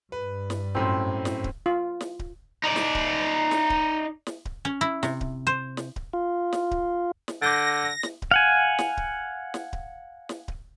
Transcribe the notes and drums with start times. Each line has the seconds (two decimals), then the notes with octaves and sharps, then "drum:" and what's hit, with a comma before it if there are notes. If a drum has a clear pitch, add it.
0.12 G2 B4
0.50 drum: snare
0.75 F#2 A2 C4
1.25 drum: snare
1.44 drum: kick D1
1.66 F4
2.01 drum: snare
2.19 drum: kick D1
2.64 D#4 D5
2.76 drum: snare
2.95 drum: kick D1
3.51 drum: snare
3.70 drum: kick D1
4.27 drum: snare
4.45 drum: kick D1
4.65 C#4
4.81 E4
5.03 C3, drum: snare
5.21 drum: kick D1
5.47 C5
5.77 drum: snare
5.96 drum: kick D1
6.13 F4
6.53 drum: snare
6.71 drum: kick D1
7.28 drum: snare
7.42 D3 D6 G6 A6 A#6
8.03 drum: snare
8.22 drum: kick D1
8.31 F5 F#5 G#5
8.79 drum: snare
8.97 drum: kick D1
9.54 drum: snare
9.73 drum: kick D1
10.29 drum: snare
10.48 drum: kick D1